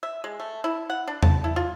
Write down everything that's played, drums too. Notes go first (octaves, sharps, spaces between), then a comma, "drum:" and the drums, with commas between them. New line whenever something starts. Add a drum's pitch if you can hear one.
E5
G#3
A3
E4
F#5
D4
A5, drum: tom E2
E4
F4